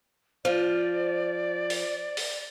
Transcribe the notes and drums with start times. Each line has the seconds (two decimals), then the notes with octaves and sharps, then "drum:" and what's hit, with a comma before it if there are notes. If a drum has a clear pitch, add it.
0.45 F3 C5 D5
1.70 drum: open hi-hat
2.17 drum: open hi-hat